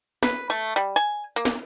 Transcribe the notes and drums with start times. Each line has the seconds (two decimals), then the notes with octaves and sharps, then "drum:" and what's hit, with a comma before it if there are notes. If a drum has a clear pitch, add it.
0.23 B4, drum: snare
0.50 A3
0.76 G3
0.96 G#5
1.36 A#3
1.45 drum: snare